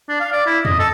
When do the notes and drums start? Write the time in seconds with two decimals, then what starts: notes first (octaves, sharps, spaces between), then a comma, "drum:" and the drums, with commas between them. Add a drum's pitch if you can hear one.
0.09 D4
0.20 F5
0.32 D5
0.46 E4
0.65 D#5, drum: tom E2
0.79 A4